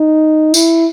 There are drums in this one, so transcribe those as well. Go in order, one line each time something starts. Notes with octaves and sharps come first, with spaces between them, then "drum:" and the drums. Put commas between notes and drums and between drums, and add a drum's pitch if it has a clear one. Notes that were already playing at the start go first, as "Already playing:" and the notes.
Already playing: D#4
E4, drum: tambourine